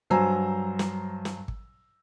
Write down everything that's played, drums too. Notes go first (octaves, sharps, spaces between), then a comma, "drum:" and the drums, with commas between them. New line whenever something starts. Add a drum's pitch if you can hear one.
G2 F#3 C5 G#5 A#5 E6
drum: snare
drum: snare
drum: kick